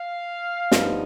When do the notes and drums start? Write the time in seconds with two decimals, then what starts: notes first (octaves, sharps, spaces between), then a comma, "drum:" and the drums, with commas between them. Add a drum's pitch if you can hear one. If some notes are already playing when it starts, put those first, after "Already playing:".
Already playing: F5
0.72 G2 F3 B3 D#4, drum: snare